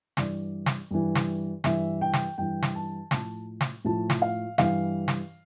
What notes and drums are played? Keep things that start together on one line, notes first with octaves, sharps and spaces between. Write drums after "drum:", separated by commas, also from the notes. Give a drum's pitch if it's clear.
G2 E3 D5, drum: snare
drum: snare
G2 E3
drum: snare
G2 E3 E5, drum: snare
G5
drum: snare
G2 E3 G5
drum: snare
A5
A2 F3 A5, drum: snare
drum: snare
A2 F3 A5
drum: snare
F5
G2 E3 F5, drum: snare
drum: snare